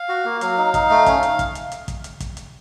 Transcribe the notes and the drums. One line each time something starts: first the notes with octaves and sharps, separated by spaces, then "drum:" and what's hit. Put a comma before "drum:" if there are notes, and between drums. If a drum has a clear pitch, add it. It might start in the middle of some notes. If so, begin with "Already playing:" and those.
Already playing: F5
F#4
A#3
F#3 F5, drum: hi-hat
D#4
D#4, drum: kick, hi-hat
A3
C#4, drum: kick, hi-hat
drum: hi-hat
drum: kick, hi-hat
drum: hi-hat
drum: hi-hat
drum: kick, hi-hat
drum: hi-hat
drum: kick, hi-hat
drum: hi-hat